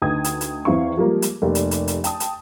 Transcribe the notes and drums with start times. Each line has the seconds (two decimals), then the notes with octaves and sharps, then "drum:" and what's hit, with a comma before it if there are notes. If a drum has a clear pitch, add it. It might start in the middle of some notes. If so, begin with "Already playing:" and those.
0.02 D2 D#4 B4 G5 D#6 G#6
0.24 drum: hi-hat
0.41 drum: hi-hat
0.65 E2 E3 C4 E5 F5 C#6
0.97 F3 G3 G#3 A#3
1.22 drum: hi-hat
1.42 F1 A#3 G4 D5
1.55 drum: hi-hat
1.71 drum: hi-hat
1.88 drum: hi-hat
2.04 G5 A5 D#6, drum: hi-hat
2.20 drum: hi-hat